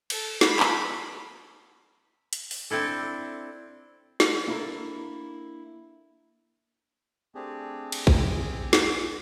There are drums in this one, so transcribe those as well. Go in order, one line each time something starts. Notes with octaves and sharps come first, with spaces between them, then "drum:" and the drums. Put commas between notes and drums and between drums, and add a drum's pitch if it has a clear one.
A4, drum: cymbal
B5, drum: snare
drum: clap
drum: hi-hat
drum: open hi-hat
C4 D4 E4 A4
drum: snare
A#3 D4 E4 A4 A#4
A3 C4 D4 G4 G#4
drum: cymbal
C4 G4 G#4, drum: kick
drum: snare